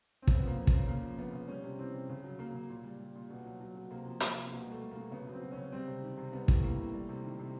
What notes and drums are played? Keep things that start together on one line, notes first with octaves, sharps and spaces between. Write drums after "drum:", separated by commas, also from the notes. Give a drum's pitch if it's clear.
C4
C#3, drum: kick
B3
F3 A#3
F3
A#3, drum: kick
C#3
C#3 A#3
F3
F3 B3
C#3
G3 C#4
C3
E3 C4
C3
C#3
F#3
F#3 A#3
C#3
A#2
G3
G3
A#2
B2
F#3
F#3
B2
C3 A#3
F3
F3 A#3, drum: hi-hat
C3
B2 A#3
G3
A3
G3
A#3
B2
C#3 B3
F#3
C4
F#3
C#4
C#3
G3 C4
C3
D#3
C3
G3 B3
A2, drum: kick
E3 A#3
A2
G3
C3
D#3
C3